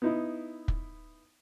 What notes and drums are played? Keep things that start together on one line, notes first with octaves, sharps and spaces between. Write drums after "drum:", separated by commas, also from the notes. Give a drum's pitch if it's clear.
B3 D#4 E4
drum: kick